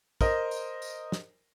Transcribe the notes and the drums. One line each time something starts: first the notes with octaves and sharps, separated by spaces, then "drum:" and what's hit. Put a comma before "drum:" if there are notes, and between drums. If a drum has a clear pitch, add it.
A#4 C5 D#5, drum: kick, tambourine
drum: tambourine
drum: tambourine
drum: snare